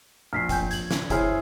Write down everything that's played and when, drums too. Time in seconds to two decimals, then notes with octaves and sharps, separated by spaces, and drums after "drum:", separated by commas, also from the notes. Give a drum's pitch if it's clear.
0.33 A#1 F6 B6 C7
0.49 G5 G#5 G6, drum: kick F#1, hi-hat
0.71 G#6 F#7, drum: hi-hat
0.91 drum: snare
1.10 E4 G#4 C5 C#5 F6, drum: kick F#1, hi-hat